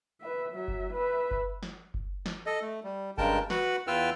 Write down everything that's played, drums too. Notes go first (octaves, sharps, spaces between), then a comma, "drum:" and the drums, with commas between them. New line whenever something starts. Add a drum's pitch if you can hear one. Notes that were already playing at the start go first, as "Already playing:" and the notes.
B4 E5
F#3 E5
drum: kick F#1
B4 E5
drum: kick F#1
drum: snare
drum: kick F#1
drum: snare
A4 D#5
A3
G3
G2 C#3 G#3 A#4 G5 A5, drum: kick F#1
F#4 B4 F#5 B5, drum: snare
E2 F4 B4 G5 E6 F6